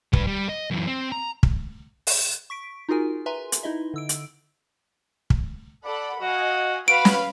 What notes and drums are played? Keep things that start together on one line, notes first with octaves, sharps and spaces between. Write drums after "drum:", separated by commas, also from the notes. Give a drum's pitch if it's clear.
G2 B4, drum: kick
G3
D#5
F#2 E3
C4
A#5
drum: kick
drum: open hi-hat
C#6 B6 D7
D#4 F4 F#4 G#4 A#4 G#5
B4 E5 G#5 A#5 C6
drum: hi-hat
D#4 E4 D#5 E5
D3 E6 D7
drum: hi-hat
drum: kick
A4 D5 F#5 B5
F#4 D#5 F5 G#5
F#4 B4 F5 B5 D7
drum: snare